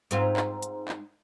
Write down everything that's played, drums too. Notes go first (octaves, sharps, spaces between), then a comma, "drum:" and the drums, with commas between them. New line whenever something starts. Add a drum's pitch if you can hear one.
G#2 C4 F4, drum: hi-hat
drum: clap
drum: hi-hat
drum: clap